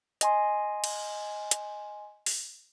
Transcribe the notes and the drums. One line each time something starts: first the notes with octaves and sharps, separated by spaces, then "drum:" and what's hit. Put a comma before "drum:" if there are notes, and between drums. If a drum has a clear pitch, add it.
D#5 G#5 C6, drum: hi-hat
drum: cymbal
drum: hi-hat
drum: open hi-hat